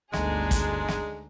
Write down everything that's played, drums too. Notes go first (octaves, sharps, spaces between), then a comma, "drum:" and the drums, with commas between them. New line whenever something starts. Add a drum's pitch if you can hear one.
G1 D2 G#3 D4 D#4 G#4, drum: snare
drum: kick, hi-hat
drum: snare